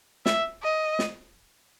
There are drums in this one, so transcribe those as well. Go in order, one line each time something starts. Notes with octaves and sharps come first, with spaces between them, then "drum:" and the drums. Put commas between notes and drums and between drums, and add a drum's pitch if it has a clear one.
E5, drum: snare
D#5
drum: snare